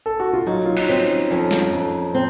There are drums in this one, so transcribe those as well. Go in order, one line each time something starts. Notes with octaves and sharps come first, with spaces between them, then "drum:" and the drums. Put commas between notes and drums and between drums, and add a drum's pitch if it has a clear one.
A4
F#4
F4
F#3 D#4
F4
D#4, drum: cymbal
C4 C#4
F2 C#4
drum: snare
F2
C4